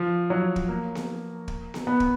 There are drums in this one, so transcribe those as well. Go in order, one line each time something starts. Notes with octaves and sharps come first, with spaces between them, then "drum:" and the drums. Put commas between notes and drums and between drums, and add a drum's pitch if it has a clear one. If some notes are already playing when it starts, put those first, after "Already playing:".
Already playing: F3
F#3
drum: kick
A#3
drum: snare B3
drum: kick
drum: snare B3
B3
drum: kick